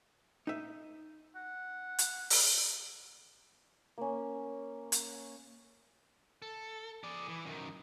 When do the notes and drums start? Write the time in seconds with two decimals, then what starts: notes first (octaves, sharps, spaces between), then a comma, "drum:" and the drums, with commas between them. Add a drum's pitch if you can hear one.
0.47 D#4 E5
1.36 F#5
1.99 drum: hi-hat
2.30 drum: open hi-hat
3.98 A#3 C#4
4.92 drum: hi-hat
6.42 A4
7.03 G#4 D5
7.29 E3
7.45 F#2 D#3